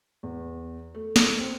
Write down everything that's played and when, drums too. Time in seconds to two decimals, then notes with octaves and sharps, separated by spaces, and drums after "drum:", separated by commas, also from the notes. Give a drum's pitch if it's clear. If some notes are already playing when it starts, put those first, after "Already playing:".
0.23 E2
0.95 A3
1.16 drum: snare
1.40 C4